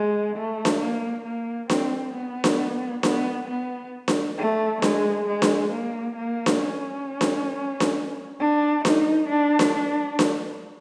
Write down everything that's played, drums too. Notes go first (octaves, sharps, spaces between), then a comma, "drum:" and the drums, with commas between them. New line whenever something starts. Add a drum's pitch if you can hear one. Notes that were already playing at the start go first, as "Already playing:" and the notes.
Already playing: G#3
A3
drum: snare D4
A#3
A#3
C4, drum: snare D4
B3
drum: snare D4
B3, drum: snare D4
B3
drum: snare D4
A3
G#3, drum: snare D4
G#3
drum: snare D4
A#3
A#3
drum: snare D4
C#4
drum: snare D4
drum: snare D4
D4
D#4, drum: snare D4
D4
drum: snare D4
D4
drum: snare D4